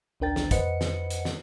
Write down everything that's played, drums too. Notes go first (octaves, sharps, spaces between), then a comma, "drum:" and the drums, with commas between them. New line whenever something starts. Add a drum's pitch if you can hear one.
A1 D2 D4 A#4 G5 A6
drum: snare
F2 B4 C5 D#5 F#5 C#7, drum: kick, hi-hat
drum: snare
drum: hi-hat
drum: snare